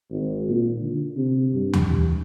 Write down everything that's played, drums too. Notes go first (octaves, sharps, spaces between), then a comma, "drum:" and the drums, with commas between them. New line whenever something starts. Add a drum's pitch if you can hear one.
G#1
A#2
D3
C3
G2
drum: tom D#2
E3